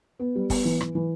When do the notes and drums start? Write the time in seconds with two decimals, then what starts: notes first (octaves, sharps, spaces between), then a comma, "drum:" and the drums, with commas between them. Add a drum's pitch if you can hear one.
0.19 B3
0.35 G3
0.50 B3, drum: kick, open hi-hat
0.65 E3
0.81 E3, drum: rim click
0.95 E3